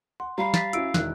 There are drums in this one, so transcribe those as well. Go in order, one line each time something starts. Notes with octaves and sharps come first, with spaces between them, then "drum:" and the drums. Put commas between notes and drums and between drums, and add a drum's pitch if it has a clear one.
F#5 C6
G3 F5 A#5 B5
A6 B6, drum: snare
C#4 E4 F#4 E6 D7, drum: hi-hat
E1 D#3 E4 F#6, drum: snare